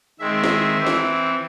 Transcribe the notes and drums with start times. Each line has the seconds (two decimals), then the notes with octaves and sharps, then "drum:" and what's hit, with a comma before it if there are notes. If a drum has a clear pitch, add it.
0.19 D#3 G#3 C4 E5
0.44 drum: snare
0.77 E3 C4
0.86 drum: snare